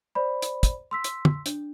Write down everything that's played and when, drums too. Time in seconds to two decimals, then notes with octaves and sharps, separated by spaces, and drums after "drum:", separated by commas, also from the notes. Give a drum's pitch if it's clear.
0.15 C5 D5 B5
0.42 drum: hi-hat
0.63 drum: kick, hi-hat
0.91 C6 E6 B6
1.04 drum: hi-hat
1.25 drum: tom
1.46 D4, drum: hi-hat